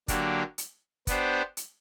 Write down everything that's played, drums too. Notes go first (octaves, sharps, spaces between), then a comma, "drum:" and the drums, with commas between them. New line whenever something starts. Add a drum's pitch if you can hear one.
D3 F#3 A#3 D4 G4, drum: kick, hi-hat
drum: hi-hat
B3 D4 G4 C5, drum: kick, hi-hat
drum: hi-hat